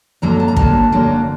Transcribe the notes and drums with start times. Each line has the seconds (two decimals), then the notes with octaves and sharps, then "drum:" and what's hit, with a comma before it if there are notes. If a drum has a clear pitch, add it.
0.22 F#2 D3 F#3 A#3 D4 A#5
0.40 A5
0.48 A#5
0.56 F#2 D3 F#3 A#3 D4 A5, drum: kick
0.92 F#2 D3 F#3 A#3 D4